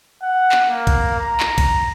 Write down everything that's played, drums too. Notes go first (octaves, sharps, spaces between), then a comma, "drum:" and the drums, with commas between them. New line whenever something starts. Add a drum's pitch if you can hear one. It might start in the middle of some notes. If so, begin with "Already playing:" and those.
F#5
drum: clap
A#3
drum: kick A#1, cymbal
A#5
drum: clap
drum: kick A#1, cymbal